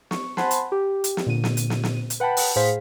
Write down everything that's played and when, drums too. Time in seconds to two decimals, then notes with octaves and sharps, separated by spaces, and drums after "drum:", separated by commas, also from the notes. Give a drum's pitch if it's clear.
0.11 C#6, drum: snare
0.37 C5 F#5 G#5 A5 B5 C6, drum: snare
0.51 drum: hi-hat
0.72 G4
1.04 drum: hi-hat
1.17 drum: snare
1.26 A#2 D3 D#7
1.44 drum: snare
1.57 drum: hi-hat
1.70 drum: snare
1.83 drum: snare
2.10 drum: hi-hat
2.20 B4 F#5 G5 A5 B5
2.37 drum: open hi-hat
2.56 A2 G#4 C5 F5 B6